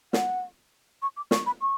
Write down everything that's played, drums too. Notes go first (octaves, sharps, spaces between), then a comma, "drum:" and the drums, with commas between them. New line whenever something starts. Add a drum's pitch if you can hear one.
F#5, drum: snare
C#6
D6
C#6, drum: snare
B5
C#6